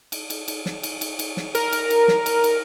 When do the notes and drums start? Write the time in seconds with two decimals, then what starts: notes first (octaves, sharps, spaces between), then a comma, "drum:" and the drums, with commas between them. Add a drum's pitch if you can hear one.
0.12 drum: cymbal
0.30 drum: cymbal
0.48 drum: cymbal
0.66 drum: snare
0.83 drum: cymbal
1.01 drum: cymbal
1.19 drum: cymbal
1.37 drum: snare
1.55 A#4, drum: cymbal
1.72 drum: cymbal
1.90 drum: cymbal
2.08 drum: snare
2.26 drum: cymbal
2.44 drum: cymbal